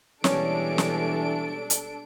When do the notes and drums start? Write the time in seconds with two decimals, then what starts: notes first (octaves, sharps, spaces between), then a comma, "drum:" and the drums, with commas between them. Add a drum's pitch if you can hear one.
0.24 B2 E3 G3 G#3 C#4 D4 A4 D7, drum: snare
0.78 drum: snare
1.70 drum: hi-hat